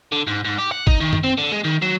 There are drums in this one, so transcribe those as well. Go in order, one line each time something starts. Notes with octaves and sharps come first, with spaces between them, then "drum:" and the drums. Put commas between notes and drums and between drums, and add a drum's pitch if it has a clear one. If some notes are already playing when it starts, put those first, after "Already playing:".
D3
G#2
G#2
G4
F#5
D#4, drum: kick
D#3
drum: tom F#2
C4
D3
G#3
D#3
F#3